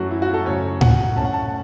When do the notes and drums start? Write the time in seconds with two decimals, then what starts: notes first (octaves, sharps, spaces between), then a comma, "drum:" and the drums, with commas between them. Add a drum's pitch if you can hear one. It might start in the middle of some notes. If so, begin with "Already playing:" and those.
Already playing: F#2 E3 A3 C#4 F#4
0.11 E4
0.22 F#4
0.34 A4
0.45 F#2 C#3 A3 C#4 C#5
0.81 F#5, drum: tom A2
1.16 A2 A3 C#4 A5
1.25 F#5
1.33 A5
1.43 F#5